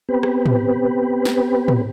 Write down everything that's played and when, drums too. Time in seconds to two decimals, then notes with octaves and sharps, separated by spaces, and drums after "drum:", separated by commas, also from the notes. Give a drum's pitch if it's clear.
0.09 B3 C4 G4 B4
0.23 drum: rim click
0.46 drum: tom
1.25 drum: snare
1.68 drum: tom